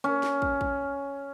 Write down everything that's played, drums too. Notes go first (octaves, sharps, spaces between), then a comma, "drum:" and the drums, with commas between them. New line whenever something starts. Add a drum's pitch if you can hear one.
C#4
drum: snare
drum: kick
drum: kick